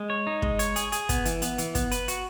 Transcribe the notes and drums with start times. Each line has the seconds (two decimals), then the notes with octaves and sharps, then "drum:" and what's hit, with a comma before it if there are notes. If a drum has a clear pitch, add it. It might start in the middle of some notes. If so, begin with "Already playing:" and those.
Already playing: G#3
0.10 C#5
0.27 D#4
0.42 G#3, drum: kick
0.59 C#5, drum: hi-hat
0.76 G#4, drum: hi-hat
0.92 G#4, drum: hi-hat
1.09 B3, drum: kick, hi-hat
1.25 E3, drum: hi-hat
1.42 B3, drum: hi-hat
1.58 E3, drum: hi-hat
1.75 B3, drum: kick, hi-hat
1.92 B4, drum: hi-hat
2.08 F#4, drum: hi-hat